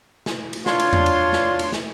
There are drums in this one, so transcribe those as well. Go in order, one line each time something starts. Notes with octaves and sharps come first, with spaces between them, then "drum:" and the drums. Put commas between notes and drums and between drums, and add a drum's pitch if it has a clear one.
drum: snare
drum: cymbal
D4 F4 C#5 C6, drum: snare
drum: cymbal
drum: tom E2
drum: cymbal
drum: snare
drum: cymbal
drum: snare